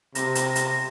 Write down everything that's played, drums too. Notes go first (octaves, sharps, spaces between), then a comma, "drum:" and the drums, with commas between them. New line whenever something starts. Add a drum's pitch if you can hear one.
C3 A#6, drum: hi-hat
drum: hi-hat
drum: hi-hat